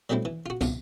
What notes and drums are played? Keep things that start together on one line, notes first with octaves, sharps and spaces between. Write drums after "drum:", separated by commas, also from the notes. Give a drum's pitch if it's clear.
F#3 G3 A3 C4 E4
E3
F4 F#4
B1 C3 F4, drum: kick, tambourine